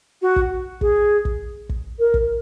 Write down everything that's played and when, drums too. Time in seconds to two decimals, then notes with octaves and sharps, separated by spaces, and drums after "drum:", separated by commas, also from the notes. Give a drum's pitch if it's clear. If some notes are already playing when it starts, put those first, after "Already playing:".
0.22 F#4
0.36 drum: kick
0.81 G#4, drum: kick
1.25 drum: kick
1.69 drum: kick
1.99 A#4
2.14 drum: kick